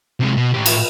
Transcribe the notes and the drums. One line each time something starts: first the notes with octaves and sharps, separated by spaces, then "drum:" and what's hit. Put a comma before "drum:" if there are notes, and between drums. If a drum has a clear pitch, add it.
C3 G#3
B2
A2 G4
drum: cymbal